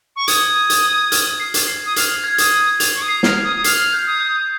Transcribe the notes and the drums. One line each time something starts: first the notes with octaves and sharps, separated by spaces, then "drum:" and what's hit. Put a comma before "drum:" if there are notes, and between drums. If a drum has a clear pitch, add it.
C#6
D#6 G#6, drum: hi-hat
G#6
drum: hi-hat
G#6
F6, drum: hi-hat
C7
drum: hi-hat
C7
D#6
F6 C7, drum: hi-hat
G#6
F6
D#6, drum: hi-hat
G#6
F7, drum: hi-hat
C#6
D#6
C7
F6, drum: snare
C7
D#6
D#6
F6 C7, drum: hi-hat
G6
D#6
G6